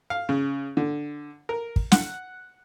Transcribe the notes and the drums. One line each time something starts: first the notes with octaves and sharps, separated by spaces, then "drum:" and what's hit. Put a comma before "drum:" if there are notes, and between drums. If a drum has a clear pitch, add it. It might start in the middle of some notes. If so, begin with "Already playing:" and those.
F5
C#3
D3
A#4
drum: kick
F#5, drum: snare